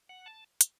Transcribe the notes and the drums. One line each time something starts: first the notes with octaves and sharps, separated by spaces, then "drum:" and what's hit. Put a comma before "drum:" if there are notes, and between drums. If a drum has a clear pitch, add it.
F#5
A5
drum: hi-hat